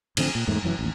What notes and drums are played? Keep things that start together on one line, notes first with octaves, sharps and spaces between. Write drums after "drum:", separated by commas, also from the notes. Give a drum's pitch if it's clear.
A1 D3 F3 C4, drum: cymbal
A#2
E2 G#2 A3 A#3
F1 F#2 E3 F#3
A1 D#2